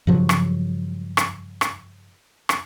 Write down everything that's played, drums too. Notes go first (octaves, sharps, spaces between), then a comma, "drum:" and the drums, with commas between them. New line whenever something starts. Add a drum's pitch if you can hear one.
G2 C#3 F3 F#3
drum: rim click
drum: rim click
drum: rim click
drum: rim click